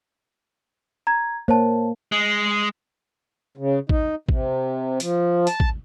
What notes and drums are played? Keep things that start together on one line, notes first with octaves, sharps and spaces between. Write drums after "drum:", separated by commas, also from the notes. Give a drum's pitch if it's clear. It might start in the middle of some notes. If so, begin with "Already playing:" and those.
A#5 G#6
A#3 C5 C#5 A5
G#3
C#3
D#4, drum: kick A1
C3, drum: kick A1
F3, drum: hi-hat
A5, drum: hi-hat
drum: kick A1